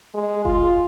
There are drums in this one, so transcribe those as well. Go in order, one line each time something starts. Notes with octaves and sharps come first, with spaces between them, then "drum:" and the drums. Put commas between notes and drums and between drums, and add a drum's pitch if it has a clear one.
G#3
F4, drum: kick F1